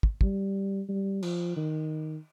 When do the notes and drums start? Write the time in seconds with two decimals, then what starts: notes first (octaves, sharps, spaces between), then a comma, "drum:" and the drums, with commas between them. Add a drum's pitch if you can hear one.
0.03 drum: kick
0.21 G3, drum: kick
0.89 G3
1.22 F3, drum: cymbal
1.56 D#3